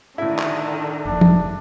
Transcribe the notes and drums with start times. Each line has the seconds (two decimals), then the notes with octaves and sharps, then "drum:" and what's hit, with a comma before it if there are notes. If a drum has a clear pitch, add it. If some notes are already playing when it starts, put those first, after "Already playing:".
0.18 A2 D3 D#3 E4
0.39 drum: clap
1.05 F#1 F2 D4
1.21 drum: tom